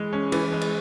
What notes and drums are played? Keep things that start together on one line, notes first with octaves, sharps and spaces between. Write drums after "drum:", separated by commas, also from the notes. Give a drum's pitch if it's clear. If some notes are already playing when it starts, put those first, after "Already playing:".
Already playing: E3 G#3
C#4
E3, drum: cymbal
G#3
drum: cymbal